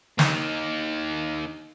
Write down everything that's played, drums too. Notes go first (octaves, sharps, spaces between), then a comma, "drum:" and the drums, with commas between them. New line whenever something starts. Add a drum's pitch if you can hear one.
A#3 D#4, drum: snare